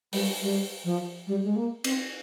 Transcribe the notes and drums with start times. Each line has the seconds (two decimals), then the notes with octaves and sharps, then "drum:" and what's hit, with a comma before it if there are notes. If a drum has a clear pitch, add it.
0.13 G3, drum: open hi-hat
0.42 G3
0.84 F3
1.27 G3
1.44 G#3
1.56 A#3
1.84 C4, drum: cymbal